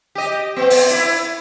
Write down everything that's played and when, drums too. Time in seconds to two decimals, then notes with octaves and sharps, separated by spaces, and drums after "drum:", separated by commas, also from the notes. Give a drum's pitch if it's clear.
0.15 G4 D#5
0.56 B3 C4
0.70 drum: open hi-hat
0.90 E4